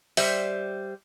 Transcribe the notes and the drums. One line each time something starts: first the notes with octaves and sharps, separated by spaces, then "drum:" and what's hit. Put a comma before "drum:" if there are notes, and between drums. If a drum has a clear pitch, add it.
G3 C5 E5, drum: open hi-hat